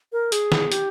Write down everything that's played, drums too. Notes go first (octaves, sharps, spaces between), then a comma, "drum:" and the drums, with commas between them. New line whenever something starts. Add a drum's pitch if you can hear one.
A#4
G#4, drum: hi-hat
drum: snare
G4, drum: hi-hat